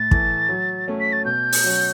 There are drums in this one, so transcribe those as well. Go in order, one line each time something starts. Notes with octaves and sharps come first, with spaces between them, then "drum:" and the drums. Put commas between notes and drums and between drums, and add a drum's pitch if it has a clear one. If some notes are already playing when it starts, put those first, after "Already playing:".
Already playing: A2 A6
E3 A3, drum: kick
F#3
A3 C#4
B6
A6
B2 G6
drum: open hi-hat
F#3 C#4